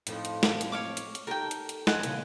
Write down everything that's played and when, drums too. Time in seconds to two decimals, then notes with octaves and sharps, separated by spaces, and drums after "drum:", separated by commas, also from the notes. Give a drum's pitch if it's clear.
0.07 F2 A2 D#4, drum: hi-hat
0.25 drum: hi-hat
0.43 drum: snare
0.61 drum: hi-hat
0.72 C#5 F5 D6
0.97 drum: hi-hat
1.15 drum: hi-hat
1.27 D#4 G4 A4 A#4 G5
1.51 drum: hi-hat
1.69 drum: hi-hat
1.87 F3 D4 D#5 F#5 G#5, drum: snare
2.03 A#2 C#3 E3, drum: hi-hat